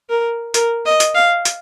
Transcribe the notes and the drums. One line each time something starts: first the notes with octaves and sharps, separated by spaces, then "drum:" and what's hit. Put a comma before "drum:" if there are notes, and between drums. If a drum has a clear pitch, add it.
A#4
A#4, drum: hi-hat
D#5
drum: hi-hat
F5
drum: hi-hat